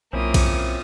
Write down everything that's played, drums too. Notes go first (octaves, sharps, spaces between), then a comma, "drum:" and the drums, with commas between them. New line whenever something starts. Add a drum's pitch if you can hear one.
B1 A#3 C4 C#4 E4 F4 D#6
drum: kick, cymbal